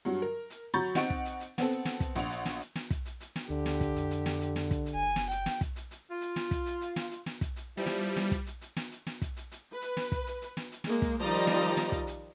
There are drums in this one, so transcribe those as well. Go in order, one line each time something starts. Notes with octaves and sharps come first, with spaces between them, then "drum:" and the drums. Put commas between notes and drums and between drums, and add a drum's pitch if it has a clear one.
G2 F#3
A#4
drum: hi-hat
F#3 A#5 B5 C#6 G6 A6
C4 D#4 F#5 C#6 D7, drum: snare
drum: kick
drum: hi-hat
drum: hi-hat
B3 C4 A4, drum: snare
drum: hi-hat
drum: snare
drum: kick, hi-hat
A#1 F#5 F7, drum: hi-hat
drum: hi-hat
drum: snare
drum: hi-hat
drum: snare
drum: kick, hi-hat
drum: hi-hat
drum: hi-hat
drum: snare
D2 D3 G4
drum: snare
drum: kick, hi-hat
F2, drum: hi-hat
drum: hi-hat
drum: snare
drum: hi-hat
drum: snare
drum: kick, hi-hat
drum: hi-hat
F#1 G#5
drum: snare
G5, drum: hi-hat
drum: snare
drum: kick, hi-hat
drum: hi-hat
drum: hi-hat
F4
drum: hi-hat
drum: snare
drum: kick, hi-hat
drum: hi-hat
drum: hi-hat
drum: snare
drum: hi-hat
drum: snare
drum: kick, hi-hat
drum: hi-hat
F3 G3 B3 E4
drum: snare
drum: hi-hat
drum: snare
drum: kick, hi-hat
drum: hi-hat
drum: hi-hat
drum: snare
drum: hi-hat
drum: snare
drum: kick, hi-hat
drum: hi-hat
drum: hi-hat
B4
drum: hi-hat
drum: snare
drum: kick, hi-hat
drum: hi-hat
drum: hi-hat
drum: snare
drum: hi-hat
G#3 A#3, drum: snare
drum: kick, hi-hat
D#3 F3 G3 D5 D#5 A#5
drum: hi-hat
drum: snare
drum: hi-hat
drum: snare
drum: kick, hi-hat
drum: hi-hat